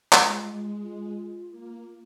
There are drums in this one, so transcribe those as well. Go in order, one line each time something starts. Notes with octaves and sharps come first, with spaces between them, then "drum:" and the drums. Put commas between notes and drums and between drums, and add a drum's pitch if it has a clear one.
G#3 F4, drum: clap
F4
A#3